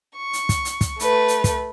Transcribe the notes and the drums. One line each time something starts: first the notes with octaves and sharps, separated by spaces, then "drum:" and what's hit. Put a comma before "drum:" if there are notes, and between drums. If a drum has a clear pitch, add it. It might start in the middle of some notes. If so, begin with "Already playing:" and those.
C#6
drum: hi-hat
drum: kick, hi-hat
drum: hi-hat
drum: kick, hi-hat
A3 B4, drum: hi-hat
drum: hi-hat
drum: kick, hi-hat